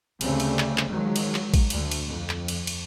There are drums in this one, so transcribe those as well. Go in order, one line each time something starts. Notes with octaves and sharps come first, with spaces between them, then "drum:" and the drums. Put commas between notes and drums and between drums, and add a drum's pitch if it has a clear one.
D2 C#3 G3 A3 C4, drum: cymbal
drum: cymbal
drum: clap
drum: clap
D#3 F3 F#3 G#3
drum: cymbal
drum: clap
drum: kick A1, cymbal
D2, drum: cymbal
drum: cymbal
F2
drum: clap
drum: cymbal
drum: cymbal